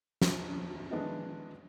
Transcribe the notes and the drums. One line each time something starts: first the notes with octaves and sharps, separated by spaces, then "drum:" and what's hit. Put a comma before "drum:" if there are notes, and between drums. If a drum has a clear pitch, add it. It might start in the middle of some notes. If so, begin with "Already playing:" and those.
E1, drum: snare
D#3 E3 G#3 B3 D4